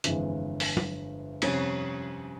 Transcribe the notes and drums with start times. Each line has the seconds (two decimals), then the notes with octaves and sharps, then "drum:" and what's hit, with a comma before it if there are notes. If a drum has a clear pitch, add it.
0.04 G1 F2 E3 G#3, drum: hi-hat
0.60 drum: open hi-hat
0.77 drum: tom
1.42 F2 C3 G3 C#4, drum: cymbal